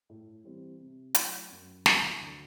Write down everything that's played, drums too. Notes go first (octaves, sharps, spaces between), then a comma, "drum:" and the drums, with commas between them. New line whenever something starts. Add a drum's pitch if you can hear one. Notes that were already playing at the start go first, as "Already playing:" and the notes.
A2
E3 G3 C4
C3
F#3 A3 E4, drum: hi-hat
F#2
D3 F#3 A3 E4, drum: snare
D2